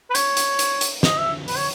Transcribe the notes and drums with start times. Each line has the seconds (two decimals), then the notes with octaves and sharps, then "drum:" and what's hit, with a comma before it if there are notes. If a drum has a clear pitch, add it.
0.10 B4
0.15 C#5, drum: hi-hat
0.37 drum: hi-hat
0.59 drum: hi-hat
0.81 drum: hi-hat
1.03 D#5, drum: snare
1.18 E5
1.48 B4, drum: open hi-hat
1.57 C#5